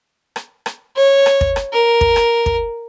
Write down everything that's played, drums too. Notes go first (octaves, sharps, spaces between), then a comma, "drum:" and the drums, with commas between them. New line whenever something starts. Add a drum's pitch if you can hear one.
drum: rim click
drum: rim click
C#5
drum: rim click
drum: kick
drum: rim click
A#4
drum: kick
drum: rim click
drum: kick